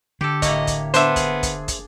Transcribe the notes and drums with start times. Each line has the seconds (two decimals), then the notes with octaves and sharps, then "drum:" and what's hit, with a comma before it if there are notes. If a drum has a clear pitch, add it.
0.21 D3 G4 A4
0.42 A2 A#3 C#5 D#5, drum: kick, hi-hat
0.67 drum: kick, hi-hat
0.94 B3 D4 C5 E5, drum: hi-hat
1.16 G#4, drum: kick, hi-hat
1.43 drum: kick, hi-hat
1.68 drum: kick, hi-hat